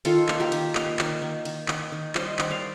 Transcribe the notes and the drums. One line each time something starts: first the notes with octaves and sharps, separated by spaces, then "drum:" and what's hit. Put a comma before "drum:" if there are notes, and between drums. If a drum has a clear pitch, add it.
D#3 F4 A4, drum: cymbal
A#3, drum: clap
G4 A#4
D#3, drum: cymbal
A#3, drum: clap
D#3, drum: clap
D#3
D#3, drum: cymbal
D#3, drum: clap
D#3
G3 C5 D#5, drum: clap
D#3, drum: clap
D5 F5